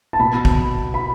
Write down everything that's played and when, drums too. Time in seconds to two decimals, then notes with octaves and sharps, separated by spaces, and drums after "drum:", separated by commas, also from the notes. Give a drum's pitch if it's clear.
0.13 A5
0.20 B2 B5
0.45 drum: kick
0.94 B5